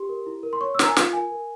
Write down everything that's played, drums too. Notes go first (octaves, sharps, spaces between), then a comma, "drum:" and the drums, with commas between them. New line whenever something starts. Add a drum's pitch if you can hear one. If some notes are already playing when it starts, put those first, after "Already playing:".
Already playing: G4 C6
A#4
E4
A#4
C6
C#5 C#6
E6
A#4 A#5, drum: snare
G#5
F4 F5, drum: snare
A#4 G#5
A#4